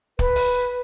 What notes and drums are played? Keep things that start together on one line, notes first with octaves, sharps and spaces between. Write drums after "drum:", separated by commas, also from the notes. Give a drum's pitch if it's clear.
B4, drum: kick
drum: open hi-hat